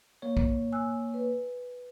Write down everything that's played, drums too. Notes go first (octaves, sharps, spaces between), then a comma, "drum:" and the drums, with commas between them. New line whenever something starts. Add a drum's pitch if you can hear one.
A#3 C#5
drum: kick
G#5 E6 F#6
B4